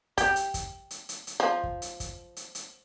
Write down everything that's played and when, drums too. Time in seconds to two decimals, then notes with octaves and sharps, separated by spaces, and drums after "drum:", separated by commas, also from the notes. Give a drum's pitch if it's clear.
0.18 G4, drum: kick, hi-hat
0.36 drum: hi-hat
0.54 drum: kick, hi-hat
0.91 drum: hi-hat
1.09 drum: hi-hat
1.27 drum: hi-hat
1.40 F3
1.64 drum: kick
1.82 drum: hi-hat
2.00 drum: kick, hi-hat
2.36 drum: hi-hat
2.55 drum: hi-hat